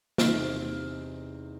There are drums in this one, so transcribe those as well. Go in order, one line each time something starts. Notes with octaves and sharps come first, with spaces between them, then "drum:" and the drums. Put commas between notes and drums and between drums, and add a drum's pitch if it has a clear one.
E2 C3 C4 D#4 F6, drum: snare